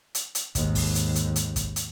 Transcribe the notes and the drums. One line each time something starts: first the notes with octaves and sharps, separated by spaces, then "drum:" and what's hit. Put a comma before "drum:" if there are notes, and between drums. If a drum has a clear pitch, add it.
drum: hi-hat
drum: hi-hat
D#2 G#2, drum: kick, hi-hat
drum: kick, open hi-hat
drum: hi-hat
drum: hi-hat
drum: hi-hat
drum: kick, hi-hat
drum: hi-hat